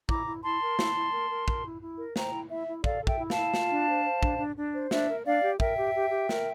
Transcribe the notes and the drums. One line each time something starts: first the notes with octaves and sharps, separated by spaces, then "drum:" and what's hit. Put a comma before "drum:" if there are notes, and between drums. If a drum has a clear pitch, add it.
E4 A#5 D6, drum: kick
E4
E4 A5 C6
A#4
E4, drum: snare
E4
A#4
A#4
A#4, drum: kick
E4
E4
A#4
C5 G5 A#5, drum: snare
E4
E4 E5
E4
A4 D5 F5, drum: kick
A4
E5 G5, drum: kick
E4
F5 A5, drum: snare
E4
F4, drum: snare
D4
C5
C5
D4, drum: kick
D4
D4
C5
D4 E5, drum: snare
A#4
D4 D5 F5
G4
A#4 E5 G5, drum: kick
G4
G4
G4
A#4, drum: snare